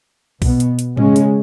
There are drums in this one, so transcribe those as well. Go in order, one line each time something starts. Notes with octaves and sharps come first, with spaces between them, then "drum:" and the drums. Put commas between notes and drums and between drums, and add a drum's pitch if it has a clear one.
B2 B3, drum: kick B1, open hi-hat
drum: hi-hat
drum: hi-hat
C#3 G#3 C#4, drum: tom G#2
drum: hi-hat